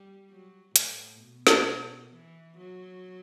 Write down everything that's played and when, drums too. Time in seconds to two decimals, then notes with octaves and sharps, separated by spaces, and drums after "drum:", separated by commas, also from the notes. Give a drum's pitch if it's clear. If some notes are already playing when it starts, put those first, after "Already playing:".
Already playing: G3
0.31 F#3
0.76 A2, drum: hi-hat
1.21 B2
1.47 drum: snare
2.13 E3
2.57 F#3